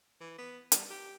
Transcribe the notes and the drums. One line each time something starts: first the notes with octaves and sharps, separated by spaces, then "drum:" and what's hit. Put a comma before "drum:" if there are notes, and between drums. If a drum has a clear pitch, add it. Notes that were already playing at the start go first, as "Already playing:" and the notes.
E3
B3
G3, drum: hi-hat
G4